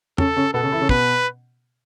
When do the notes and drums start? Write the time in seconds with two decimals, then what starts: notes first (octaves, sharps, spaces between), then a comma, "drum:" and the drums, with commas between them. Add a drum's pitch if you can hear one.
0.18 C#3 C#4 A4, drum: tom
0.36 C#3 C#4
0.54 B2 B3 A4
0.63 C#3 C#4
0.72 E3 E4
0.81 C#3 C#4
0.89 B2 B3 B4, drum: kick